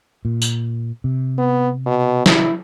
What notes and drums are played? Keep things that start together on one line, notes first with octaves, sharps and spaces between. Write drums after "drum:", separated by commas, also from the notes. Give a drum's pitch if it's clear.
A#2
drum: tambourine
C3
B3
B2
E4, drum: snare